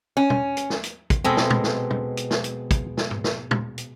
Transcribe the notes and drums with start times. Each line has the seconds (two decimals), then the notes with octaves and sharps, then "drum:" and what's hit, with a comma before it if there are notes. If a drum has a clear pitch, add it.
0.17 C#4
0.30 drum: tom
0.57 drum: hi-hat
0.70 drum: snare
0.84 drum: hi-hat
1.10 drum: kick, hi-hat
1.24 B2 G#3 C4 A4 G#5
1.37 drum: snare
1.50 drum: tom
1.64 drum: snare
1.90 drum: tom
2.17 drum: hi-hat
2.31 drum: snare
2.44 drum: hi-hat
2.71 drum: kick, hi-hat
2.97 drum: snare
3.11 drum: tom G#2
3.24 drum: snare
3.51 drum: tom
3.78 drum: hi-hat